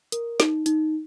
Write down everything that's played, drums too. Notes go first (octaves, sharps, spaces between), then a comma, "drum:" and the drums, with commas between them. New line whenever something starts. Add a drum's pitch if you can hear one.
A#4, drum: hi-hat
D#4, drum: snare
D#4, drum: hi-hat